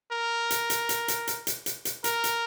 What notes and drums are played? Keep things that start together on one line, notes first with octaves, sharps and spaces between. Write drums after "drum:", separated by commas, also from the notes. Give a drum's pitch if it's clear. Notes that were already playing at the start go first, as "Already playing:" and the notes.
A#4
drum: hi-hat
drum: hi-hat
drum: hi-hat
drum: hi-hat
drum: hi-hat
drum: hi-hat
drum: hi-hat
drum: hi-hat
A#4, drum: hi-hat
drum: hi-hat